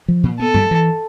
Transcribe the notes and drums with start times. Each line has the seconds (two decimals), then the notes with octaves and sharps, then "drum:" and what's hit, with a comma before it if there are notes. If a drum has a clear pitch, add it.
0.08 F3
0.23 A#2
0.40 B3 A4
0.54 G3, drum: tom G2
0.71 E3